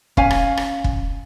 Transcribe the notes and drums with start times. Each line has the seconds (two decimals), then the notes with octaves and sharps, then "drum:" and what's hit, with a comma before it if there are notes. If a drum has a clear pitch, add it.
0.17 C#4 F5 G#5, drum: kick
0.31 drum: rim click
0.57 drum: rim click
0.84 drum: kick